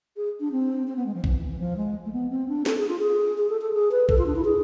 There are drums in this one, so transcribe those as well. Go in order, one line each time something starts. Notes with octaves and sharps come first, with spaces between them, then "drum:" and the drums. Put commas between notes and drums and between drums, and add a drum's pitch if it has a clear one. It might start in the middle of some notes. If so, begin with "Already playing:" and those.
G#4
D4
C4
C4
B3
G#3
F3
E3, drum: kick A#1
E3
F3
G#3
A3
B3
C4
D4
A4, drum: snare
G#4
F4
G#4
G#4
A4
A4
G#4
B4
A4, drum: kick A#1
F4
D4
E4
G#4